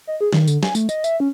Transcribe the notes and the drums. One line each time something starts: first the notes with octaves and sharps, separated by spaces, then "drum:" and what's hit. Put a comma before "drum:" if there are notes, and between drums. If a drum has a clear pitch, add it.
D#5
G#4
D#3, drum: snare
D3, drum: tambourine
G#5, drum: snare
A3, drum: tambourine
D#5, drum: tambourine
E5, drum: tambourine
C#4